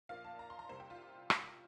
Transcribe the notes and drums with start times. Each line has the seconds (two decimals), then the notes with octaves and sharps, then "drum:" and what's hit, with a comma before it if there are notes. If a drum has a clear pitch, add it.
0.09 A#1 A#2 F3 A#3 F5
0.24 A5
0.39 A#5
0.50 C6
0.59 A#5
0.69 C2 C3 G3 A#3 C5
0.80 G4
0.90 F4
1.30 drum: rim click